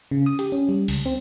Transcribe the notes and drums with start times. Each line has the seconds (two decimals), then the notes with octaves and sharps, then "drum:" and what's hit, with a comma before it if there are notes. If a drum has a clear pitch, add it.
0.11 C#3
0.26 D#6
0.39 G4, drum: hi-hat
0.52 C#4
0.69 G3
0.88 C#2, drum: open hi-hat
1.06 C4